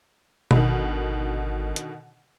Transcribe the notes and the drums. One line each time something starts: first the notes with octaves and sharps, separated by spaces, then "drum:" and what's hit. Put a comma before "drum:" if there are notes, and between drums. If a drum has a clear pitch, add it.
G#1 B2 D3 D#3, drum: tom B2
drum: hi-hat